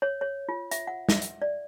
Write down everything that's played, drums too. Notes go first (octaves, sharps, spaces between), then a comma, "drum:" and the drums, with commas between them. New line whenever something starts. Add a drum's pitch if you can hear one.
C#5
C#5
F4
E5, drum: hi-hat
F#5
E5, drum: snare
drum: hi-hat
D5